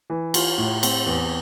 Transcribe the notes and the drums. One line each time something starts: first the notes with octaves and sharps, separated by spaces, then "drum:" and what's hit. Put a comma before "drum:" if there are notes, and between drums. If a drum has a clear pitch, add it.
E3
F4, drum: cymbal
A2
C4, drum: cymbal
E2